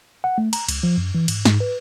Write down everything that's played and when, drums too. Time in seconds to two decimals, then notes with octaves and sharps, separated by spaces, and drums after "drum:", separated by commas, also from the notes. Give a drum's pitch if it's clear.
0.24 F#5
0.38 A3
0.53 A#5, drum: cymbal
0.69 C#2, drum: cymbal
0.83 F3
0.97 F#2
1.15 E3
1.28 G#2, drum: cymbal
1.45 G#2, drum: snare
1.60 B4